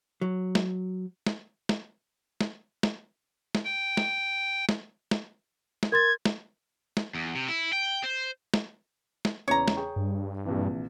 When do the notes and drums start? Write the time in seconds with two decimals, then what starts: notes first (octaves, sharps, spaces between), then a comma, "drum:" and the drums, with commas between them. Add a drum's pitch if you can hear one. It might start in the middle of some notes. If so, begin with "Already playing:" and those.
0.21 F#3
0.55 drum: snare
1.26 drum: snare
1.69 drum: snare
2.41 drum: snare
2.83 drum: snare
3.55 drum: snare
3.65 G5
3.97 drum: snare
4.69 drum: snare
5.11 drum: snare
5.83 drum: snare
5.92 A#4 C6 G#6 A6
6.25 drum: snare
6.97 drum: snare
7.15 E2
7.35 C3
7.48 E4
7.73 G5
8.04 C5
8.54 drum: snare
9.25 drum: snare
9.48 E2 C#3 C#5 A#5
9.68 drum: snare
9.77 G#4 G5 C#6
9.96 G2
10.45 A#1 C3 E3